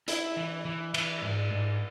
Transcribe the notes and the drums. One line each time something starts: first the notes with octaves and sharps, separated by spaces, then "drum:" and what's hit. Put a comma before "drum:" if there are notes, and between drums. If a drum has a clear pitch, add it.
E4, drum: hi-hat
E3
E3
E3, drum: cymbal
G#2
G#2